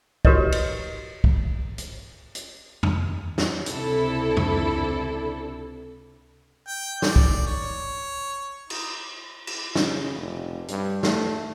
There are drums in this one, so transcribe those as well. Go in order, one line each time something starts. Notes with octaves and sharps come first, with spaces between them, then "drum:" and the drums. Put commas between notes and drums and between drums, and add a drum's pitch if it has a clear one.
F#4 G4 A#4 B4 C#5 D#5, drum: kick
drum: cymbal
drum: kick
drum: hi-hat
drum: hi-hat
drum: tom E2
drum: snare
C#2 C3 D4 E4 A4, drum: hi-hat
drum: tom E2
G5
D5, drum: snare
drum: kick
C#5
D#4, drum: cymbal
drum: cymbal
C#3, drum: snare
F1
G2, drum: hi-hat
A3, drum: snare